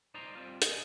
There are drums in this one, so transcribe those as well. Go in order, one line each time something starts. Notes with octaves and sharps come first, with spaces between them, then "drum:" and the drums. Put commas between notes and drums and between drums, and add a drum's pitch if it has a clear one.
D#4 C5 D5 D#5 A#5 C6
G3 C4 F4
B2 G#4 D5 D#5 G#5, drum: hi-hat